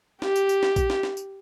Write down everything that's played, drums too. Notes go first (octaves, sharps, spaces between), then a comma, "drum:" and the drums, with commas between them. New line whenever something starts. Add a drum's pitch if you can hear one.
G4, drum: snare
drum: tambourine
drum: tambourine
drum: snare
drum: kick A#1, tambourine
drum: snare
drum: snare
drum: tambourine